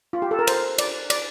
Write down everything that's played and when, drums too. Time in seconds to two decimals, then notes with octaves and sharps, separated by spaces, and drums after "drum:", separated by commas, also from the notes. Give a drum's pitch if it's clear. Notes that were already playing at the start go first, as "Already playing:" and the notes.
0.13 F4
0.22 G4
0.31 A4
0.39 A#4
0.47 C5, drum: cymbal
0.78 D5, drum: cymbal
1.10 D5, drum: cymbal